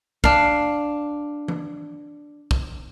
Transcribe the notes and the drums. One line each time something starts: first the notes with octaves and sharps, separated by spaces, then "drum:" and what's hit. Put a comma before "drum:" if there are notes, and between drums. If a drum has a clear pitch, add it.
D4 F5, drum: kick
drum: tom E3
drum: kick